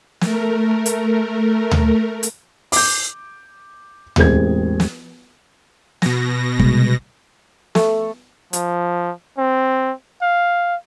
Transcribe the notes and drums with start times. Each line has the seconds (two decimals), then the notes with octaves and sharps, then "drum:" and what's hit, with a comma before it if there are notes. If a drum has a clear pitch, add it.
0.21 A3 A#4, drum: snare
0.86 drum: hi-hat
1.71 drum: tom D2
2.23 drum: hi-hat
2.72 D6 G6, drum: open hi-hat
4.16 E1 A1 C4 G#4 G#6, drum: tom D2
4.80 drum: snare
6.02 B2 A#6, drum: snare
6.59 C3 G3 G#3, drum: kick
7.75 A3, drum: snare
8.53 F3, drum: hi-hat
9.38 C4
10.22 F5